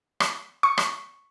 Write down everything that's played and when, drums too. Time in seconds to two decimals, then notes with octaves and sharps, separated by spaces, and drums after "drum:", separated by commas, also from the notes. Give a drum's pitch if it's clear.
0.20 drum: rim click
0.63 C#6
0.78 drum: rim click